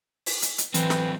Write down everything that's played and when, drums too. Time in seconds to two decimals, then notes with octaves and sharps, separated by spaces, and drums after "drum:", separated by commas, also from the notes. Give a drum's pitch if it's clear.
0.26 drum: open hi-hat
0.42 drum: hi-hat
0.58 drum: hi-hat
0.74 E3 F#3 C4 B4 G5, drum: hi-hat
0.90 drum: snare